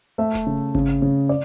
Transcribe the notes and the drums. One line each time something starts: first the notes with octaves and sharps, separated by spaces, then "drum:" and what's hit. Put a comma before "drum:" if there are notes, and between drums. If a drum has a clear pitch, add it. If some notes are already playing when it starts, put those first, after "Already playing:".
A3 E5
drum: snare E1
C#3
C#3, drum: kick G#1
C#3
D5